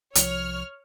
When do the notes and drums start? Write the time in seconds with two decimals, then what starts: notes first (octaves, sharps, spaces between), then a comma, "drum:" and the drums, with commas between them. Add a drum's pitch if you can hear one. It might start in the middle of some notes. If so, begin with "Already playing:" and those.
0.15 C2 F3 C#5 F6, drum: hi-hat